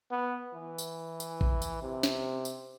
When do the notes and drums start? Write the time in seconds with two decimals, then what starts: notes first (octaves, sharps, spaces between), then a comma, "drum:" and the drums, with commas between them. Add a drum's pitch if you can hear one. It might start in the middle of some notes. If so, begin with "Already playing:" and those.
0.11 B3
0.54 E3
0.78 drum: tambourine
1.20 drum: tambourine
1.41 drum: kick A1
1.62 drum: tambourine
1.83 C3
2.03 drum: snare
2.45 drum: tambourine